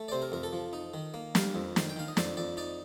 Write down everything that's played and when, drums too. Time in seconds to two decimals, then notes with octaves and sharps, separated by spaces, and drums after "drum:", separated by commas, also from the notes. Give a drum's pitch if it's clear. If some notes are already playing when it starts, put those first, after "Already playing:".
Already playing: A3
0.08 D5
0.12 C3 C5
0.22 A#4
0.32 F2 A#4
0.43 A4
0.53 F3
0.73 D#4
0.94 D#3
1.14 A#3
1.35 G3 A#4, drum: snare
1.55 F2
1.76 D#3, drum: snare
1.90 G5
1.96 D#3 F5
2.08 D#5
2.17 F2 D5, drum: snare
2.37 F2 D5
2.57 D#4 D5